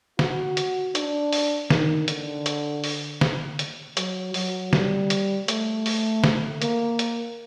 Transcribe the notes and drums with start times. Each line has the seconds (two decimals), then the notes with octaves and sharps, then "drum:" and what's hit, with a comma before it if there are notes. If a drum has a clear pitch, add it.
0.19 F#4, drum: snare D3
0.57 drum: hi-hat
0.95 D4, drum: hi-hat
1.33 drum: open hi-hat
1.70 D#3, drum: snare D3
2.08 D3, drum: hi-hat
2.46 drum: hi-hat
2.84 drum: open hi-hat
3.21 drum: snare D3
3.59 drum: hi-hat
3.97 F#3, drum: hi-hat
4.34 F#3, drum: open hi-hat
4.73 G3, drum: snare D3
5.10 drum: hi-hat
5.48 A3, drum: hi-hat
5.86 drum: open hi-hat
6.24 drum: snare D3
6.62 A#3, drum: hi-hat
6.99 drum: hi-hat